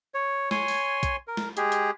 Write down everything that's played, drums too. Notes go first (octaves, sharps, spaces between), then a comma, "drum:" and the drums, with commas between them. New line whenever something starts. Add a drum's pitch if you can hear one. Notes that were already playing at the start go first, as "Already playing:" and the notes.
C#5
C#5 G#5 C6, drum: snare
drum: open hi-hat
drum: kick B1, hi-hat
A#4
drum: snare
G#3 G4 G#4, drum: hi-hat
drum: hi-hat